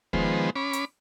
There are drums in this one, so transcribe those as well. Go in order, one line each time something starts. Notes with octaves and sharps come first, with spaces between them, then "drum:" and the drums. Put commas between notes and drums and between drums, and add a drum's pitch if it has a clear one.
D#3 F3 G#3 B3 C5, drum: kick
C#4 B5 D6
drum: hi-hat